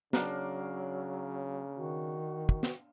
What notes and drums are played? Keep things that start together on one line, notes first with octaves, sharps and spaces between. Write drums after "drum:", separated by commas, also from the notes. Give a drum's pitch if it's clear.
C#3 F#3 A#3 D4, drum: snare
D#3 F#4
drum: kick
drum: snare